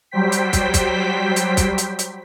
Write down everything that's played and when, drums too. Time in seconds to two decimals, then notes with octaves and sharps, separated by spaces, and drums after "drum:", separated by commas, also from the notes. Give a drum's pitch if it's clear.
0.11 F#3 G3 C5 G5 B6
0.32 drum: hi-hat
0.53 drum: kick, hi-hat
0.74 drum: kick, hi-hat
1.36 drum: hi-hat
1.57 drum: kick, hi-hat
1.78 drum: hi-hat
1.99 drum: hi-hat